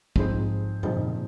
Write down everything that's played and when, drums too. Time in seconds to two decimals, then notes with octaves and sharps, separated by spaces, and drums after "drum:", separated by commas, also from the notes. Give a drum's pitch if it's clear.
0.16 G#2 F3 C4 D#4 G#4 C5, drum: kick
0.83 A#2 F3 C4 D#4 G#4 C5, drum: tom F#2